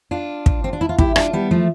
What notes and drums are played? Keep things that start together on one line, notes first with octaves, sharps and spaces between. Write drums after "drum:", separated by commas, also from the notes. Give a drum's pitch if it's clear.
D4 F4
drum: kick
C4
D4
E4
F4
E4 G4, drum: kick
D4 F4, drum: rim click
G3 B3
F3 A3